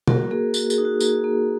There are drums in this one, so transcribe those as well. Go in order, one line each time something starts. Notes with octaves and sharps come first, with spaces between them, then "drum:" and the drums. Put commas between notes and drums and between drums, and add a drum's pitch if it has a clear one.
A#3 F#4 A#4, drum: tom
A#3 G#4
F#4, drum: tambourine
G#4, drum: tambourine
D#4
F#4
A#3 G#4, drum: tambourine
A#3